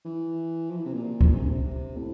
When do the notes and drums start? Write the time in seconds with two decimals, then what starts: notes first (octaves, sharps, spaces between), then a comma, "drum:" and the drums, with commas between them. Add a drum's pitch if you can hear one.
0.05 E3
0.70 F3
0.77 E3
0.86 C3
0.93 A#2
1.21 drum: kick C#2
1.34 C3
1.42 D3
1.51 C3
1.97 A2